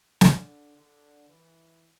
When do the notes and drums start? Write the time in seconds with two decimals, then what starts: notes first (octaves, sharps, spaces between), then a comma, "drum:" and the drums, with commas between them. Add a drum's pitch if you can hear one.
0.21 D3, drum: snare
0.76 D3
1.29 E3